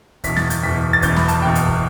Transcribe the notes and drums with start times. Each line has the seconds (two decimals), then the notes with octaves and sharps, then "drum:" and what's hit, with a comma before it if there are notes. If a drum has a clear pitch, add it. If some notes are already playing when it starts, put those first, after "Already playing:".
0.24 F#1 E2 B2 B6, drum: kick, hi-hat
0.36 A6, drum: snare
0.50 G6, drum: hi-hat
0.63 F#1 E2 B2 B6
0.93 A6
1.02 F#1 E2 B2 G6, drum: kick, hi-hat
1.16 B5, drum: snare
1.28 A5, drum: hi-hat
1.42 F#1 E2 B2 G5
1.55 drum: hi-hat
1.68 drum: kick